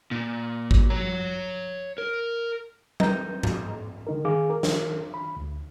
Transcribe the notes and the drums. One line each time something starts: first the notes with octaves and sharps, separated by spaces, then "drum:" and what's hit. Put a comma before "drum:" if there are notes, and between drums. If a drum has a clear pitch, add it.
A#2
drum: kick G#1
C#5 A#5
A#4
D#5 A#5 G6, drum: tom F#3
drum: tom G#2
D3 D#4 A#4
D#3 G#4 F5 D6
A#4
drum: snare
B5
D2